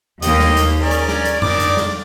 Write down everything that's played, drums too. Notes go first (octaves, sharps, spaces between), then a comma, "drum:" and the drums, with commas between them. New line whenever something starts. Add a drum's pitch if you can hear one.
D#2 A#3 G4 D#5, drum: hi-hat
drum: snare
drum: hi-hat
C#4 G#4 A#4 D5
drum: hi-hat
drum: snare
drum: hi-hat
D#3 D4 D6, drum: tom F2
drum: hi-hat
drum: snare